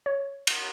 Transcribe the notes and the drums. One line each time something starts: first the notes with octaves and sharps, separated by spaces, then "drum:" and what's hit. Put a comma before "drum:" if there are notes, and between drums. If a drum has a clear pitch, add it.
C#5
drum: cymbal